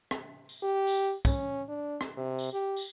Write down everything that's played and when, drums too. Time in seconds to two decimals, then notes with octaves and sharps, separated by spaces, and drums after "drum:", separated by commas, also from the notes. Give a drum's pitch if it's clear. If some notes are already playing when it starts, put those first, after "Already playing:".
0.11 drum: rim click
0.49 drum: tambourine
0.63 G4
0.87 drum: tambourine
1.25 C#4, drum: kick, tambourine
1.69 D4
2.01 drum: rim click
2.17 C3
2.39 drum: tambourine
2.53 G4
2.77 drum: tambourine